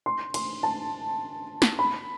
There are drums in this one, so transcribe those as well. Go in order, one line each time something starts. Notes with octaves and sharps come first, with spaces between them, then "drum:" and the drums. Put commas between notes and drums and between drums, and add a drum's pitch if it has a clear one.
C6
C6, drum: cymbal
A5
drum: snare
B5